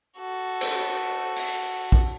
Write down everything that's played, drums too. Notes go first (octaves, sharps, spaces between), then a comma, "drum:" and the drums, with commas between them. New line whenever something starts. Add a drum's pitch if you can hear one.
F#4 A4
drum: cymbal
drum: open hi-hat
drum: kick